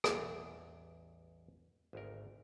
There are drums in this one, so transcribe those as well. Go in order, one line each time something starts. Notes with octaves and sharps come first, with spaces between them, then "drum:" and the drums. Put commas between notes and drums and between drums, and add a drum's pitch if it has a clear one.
A1 E2 G3, drum: rim click
G#1 D2 A#4